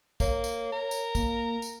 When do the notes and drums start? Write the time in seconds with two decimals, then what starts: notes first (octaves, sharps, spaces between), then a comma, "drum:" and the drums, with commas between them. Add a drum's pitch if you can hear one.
0.20 A#3 C#5, drum: kick, tambourine
0.44 drum: tambourine
0.72 A#4
0.91 drum: tambourine
1.15 A#3, drum: kick, tambourine
1.62 drum: tambourine